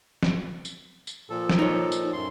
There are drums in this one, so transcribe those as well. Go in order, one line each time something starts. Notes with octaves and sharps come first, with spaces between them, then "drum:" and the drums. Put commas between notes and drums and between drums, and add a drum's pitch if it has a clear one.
drum: snare
drum: tambourine
drum: tambourine
A#2 F3 A4
drum: snare
D#4 C#5
drum: tambourine
F#2 C6